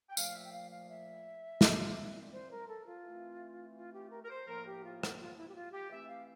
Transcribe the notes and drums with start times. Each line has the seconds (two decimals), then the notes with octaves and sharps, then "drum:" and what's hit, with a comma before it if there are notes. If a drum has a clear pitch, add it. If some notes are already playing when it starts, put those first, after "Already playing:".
0.10 G5
0.17 A#2 F3 A3 F5, drum: tambourine
0.35 E5
0.46 G5
0.53 F5
0.71 F5
0.89 E5
1.61 A#2 G3 C4, drum: snare
2.32 C5
2.51 A#4
2.68 A4
2.86 F4
3.04 E3 A3 C4
3.76 F4
3.94 G4
4.11 A#4
4.25 A#4
4.30 C5
4.48 A2 F3 A#3 A#4
4.66 G4
4.84 F4
5.03 drum: rim click
5.20 F4
5.37 E4
5.49 G4
5.55 F4
5.73 G4
5.91 E3 A3 C4 E5
6.09 F5